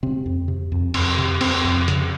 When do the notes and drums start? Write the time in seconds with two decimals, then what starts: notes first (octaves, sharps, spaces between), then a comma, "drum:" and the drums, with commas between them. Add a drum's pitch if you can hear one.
0.03 C3 C4
0.26 F2
0.48 C3
0.72 F2
0.94 F2, drum: cymbal
1.18 C3
1.41 F2 C4, drum: cymbal
1.64 F2
1.88 C#3, drum: hi-hat